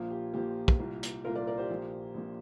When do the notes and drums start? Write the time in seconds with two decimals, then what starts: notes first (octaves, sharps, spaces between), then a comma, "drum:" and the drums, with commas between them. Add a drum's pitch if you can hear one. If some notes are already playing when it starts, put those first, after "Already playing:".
Already playing: A#1 A#2 F3 A#3 F4
0.10 G4
0.33 A#1 A#2 F3 A#3 G4
0.68 drum: kick
0.79 C2 A#2 A#3
1.03 drum: hi-hat
1.25 C2 A#2 A#3 F4 A#4
1.35 A#4 D5
1.47 A#4 D5
1.58 G4 C5
1.70 A#1 A#2 A#3
2.14 A#1 A#2 A#3